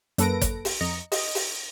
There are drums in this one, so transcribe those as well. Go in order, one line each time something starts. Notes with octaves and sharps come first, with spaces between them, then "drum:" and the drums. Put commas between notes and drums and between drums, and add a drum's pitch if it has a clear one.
F#2 A#3 A4 B4 A#6 D7, drum: hi-hat
drum: kick, hi-hat
drum: open hi-hat
F2 D#5 A#5 C#7
D#5, drum: open hi-hat
drum: open hi-hat